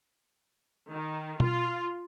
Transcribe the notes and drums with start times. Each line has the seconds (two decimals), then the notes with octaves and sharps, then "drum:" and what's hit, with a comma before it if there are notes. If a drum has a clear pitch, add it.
0.90 D#3
1.40 F4, drum: tom B2